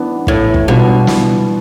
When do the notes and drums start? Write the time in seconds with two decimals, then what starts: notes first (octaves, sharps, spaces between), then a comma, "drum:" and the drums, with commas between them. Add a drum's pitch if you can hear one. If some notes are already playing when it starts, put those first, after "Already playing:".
Already playing: E3 B3 D4
0.27 A2 E3, drum: kick
0.54 drum: kick
0.68 B2 G3 B3 D4 F4
1.07 E3, drum: snare